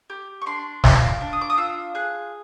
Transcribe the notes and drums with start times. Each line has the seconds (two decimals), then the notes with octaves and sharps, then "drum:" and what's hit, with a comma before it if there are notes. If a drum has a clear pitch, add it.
0.10 G4
0.42 C#6
0.46 D4 C6
0.84 F4, drum: snare
1.08 D6
1.21 D4
1.33 D#6
1.41 D6
1.50 D#6
1.57 F4 E6
1.95 G#4 F#6